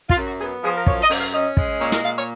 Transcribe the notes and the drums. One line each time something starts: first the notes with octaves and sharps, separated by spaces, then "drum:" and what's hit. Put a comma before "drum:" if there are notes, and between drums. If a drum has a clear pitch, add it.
F4, drum: kick
F#2
F#4
B3 G#4
F3 G#4
A#4
F#2 C#5, drum: kick
D#5
F#2, drum: open hi-hat
F5
C#4 D#5
G#3, drum: kick
A#2 C#5
A#4, drum: snare
A#2 F5
C#5